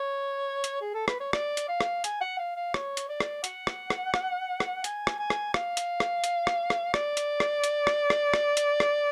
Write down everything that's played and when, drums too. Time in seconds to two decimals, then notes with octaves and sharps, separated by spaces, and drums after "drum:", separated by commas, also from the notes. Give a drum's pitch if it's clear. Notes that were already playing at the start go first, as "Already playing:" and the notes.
Already playing: C#5
0.64 drum: hi-hat
0.81 G#4
0.94 A4
1.08 B4, drum: rim click
1.20 C#5
1.33 D5, drum: rim click
1.57 drum: hi-hat
1.68 F5
1.80 drum: rim click
2.04 G#5, drum: hi-hat
2.21 F#5
2.39 F5
2.56 F5
2.74 C#5, drum: rim click
2.97 drum: hi-hat
3.09 D5
3.20 drum: rim click
3.44 F#5, drum: hi-hat
3.67 drum: rim click
3.90 drum: rim click
4.14 drum: rim click
4.60 drum: rim click
4.84 G#5, drum: hi-hat
5.07 drum: rim click
5.19 G#5
5.30 drum: rim click
5.54 F5, drum: rim click
5.77 drum: hi-hat
6.00 drum: rim click
6.24 drum: hi-hat
6.47 drum: rim click
6.70 drum: rim click
6.94 D5, drum: rim click
7.17 drum: hi-hat
7.40 drum: rim click
7.64 drum: hi-hat
7.87 drum: rim click
8.10 drum: rim click
8.34 drum: rim click
8.57 drum: hi-hat
8.80 drum: rim click